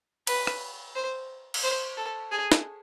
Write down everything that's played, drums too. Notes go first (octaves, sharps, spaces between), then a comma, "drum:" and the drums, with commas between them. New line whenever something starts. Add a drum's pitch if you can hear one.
B4, drum: cymbal
drum: rim click
C5
drum: cymbal
C5
A4
G#4
drum: snare